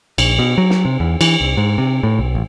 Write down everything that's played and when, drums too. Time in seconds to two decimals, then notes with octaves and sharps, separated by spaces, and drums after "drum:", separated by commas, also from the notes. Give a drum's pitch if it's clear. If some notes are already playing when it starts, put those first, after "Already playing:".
0.18 A#1, drum: cymbal
0.39 B2
0.58 F#3
0.70 drum: snare
0.85 C3
1.00 E2
1.21 E3, drum: cymbal
1.41 C2
1.57 G#2
1.78 C3
2.03 A2
2.19 B1
2.35 A1